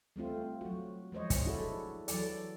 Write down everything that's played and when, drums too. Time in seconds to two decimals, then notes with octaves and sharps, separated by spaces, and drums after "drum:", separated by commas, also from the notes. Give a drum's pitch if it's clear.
0.16 G3 A3 C4 F4
0.61 F#3 F#4
1.12 F3 G#3 C5 C#5 D#5
1.30 drum: kick, hi-hat
1.45 D4 E4 F#4 G#4 A4
2.08 E3 F#3 A4 D5, drum: hi-hat